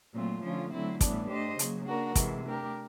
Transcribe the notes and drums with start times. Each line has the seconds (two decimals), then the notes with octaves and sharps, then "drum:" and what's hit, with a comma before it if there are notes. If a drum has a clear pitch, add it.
0.15 A#2 F#3 A3 C4 F4
0.44 D3 F3 A3 C#4 F4
0.72 D3 F#3 A3 C4 E4
1.01 A2 E3 G3 B3 D4, drum: kick, hi-hat
1.30 A3 D4 G4 C5 D#5
1.59 C#3 F#3 A#3, drum: hi-hat
1.87 A#3 D4 F#4 A#4
2.15 C3 E3 G#3, drum: kick, hi-hat
2.45 A3 D4 G4 A#4